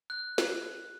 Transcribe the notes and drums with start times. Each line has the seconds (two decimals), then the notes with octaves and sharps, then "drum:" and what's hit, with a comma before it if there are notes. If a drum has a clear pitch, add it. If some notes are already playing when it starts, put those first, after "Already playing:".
0.10 F#6
0.38 drum: snare